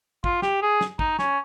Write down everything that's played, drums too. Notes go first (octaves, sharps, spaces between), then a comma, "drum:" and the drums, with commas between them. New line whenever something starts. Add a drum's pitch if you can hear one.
F4, drum: kick
G4, drum: snare
G#4
drum: snare
D#4, drum: kick
C#4, drum: snare